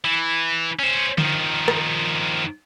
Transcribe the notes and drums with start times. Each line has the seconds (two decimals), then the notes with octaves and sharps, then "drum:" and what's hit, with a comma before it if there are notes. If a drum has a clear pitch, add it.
0.05 E3
0.79 C#4 C5
1.18 D#3 F3, drum: tom D3
1.68 drum: rim click